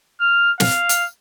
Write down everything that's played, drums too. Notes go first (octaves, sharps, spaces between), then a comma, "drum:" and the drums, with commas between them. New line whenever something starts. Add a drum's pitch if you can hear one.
F6
F5, drum: snare
drum: hi-hat